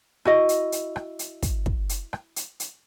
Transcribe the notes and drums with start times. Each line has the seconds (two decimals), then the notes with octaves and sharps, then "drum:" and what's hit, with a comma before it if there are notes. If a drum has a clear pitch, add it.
0.25 E4 F#4 D#5, drum: rim click
0.49 drum: hi-hat
0.72 drum: hi-hat
0.96 drum: rim click
1.19 drum: hi-hat
1.43 drum: kick, hi-hat
1.66 drum: kick
1.89 drum: hi-hat
2.13 drum: rim click
2.36 drum: hi-hat
2.60 drum: hi-hat